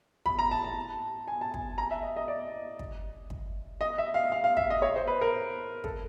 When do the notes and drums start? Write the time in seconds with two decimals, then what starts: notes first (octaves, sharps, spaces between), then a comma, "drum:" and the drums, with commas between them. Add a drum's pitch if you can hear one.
0.26 B5, drum: kick
0.39 A#5
0.51 A5
0.64 A5
1.28 G#5
1.41 A5
1.54 G#5, drum: kick
1.78 A#5
1.91 E5
2.03 D#5
2.16 D#5
2.28 D5
2.79 drum: kick
3.30 drum: kick
3.81 D#5
3.98 E5
4.14 F5
4.32 F5
4.44 F5
4.57 E5, drum: kick
4.70 D#5
4.82 C#5
4.96 C5
5.07 B4
5.21 A#4
5.84 A4, drum: kick